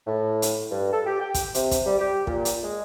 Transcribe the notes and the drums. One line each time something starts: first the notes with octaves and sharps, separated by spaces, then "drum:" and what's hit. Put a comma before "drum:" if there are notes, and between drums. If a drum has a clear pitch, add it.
A2
drum: hi-hat
G2
A4
G4
G5
drum: kick, hi-hat
C3, drum: hi-hat
drum: kick, hi-hat
G3
G4
A#2, drum: kick
drum: hi-hat
G#3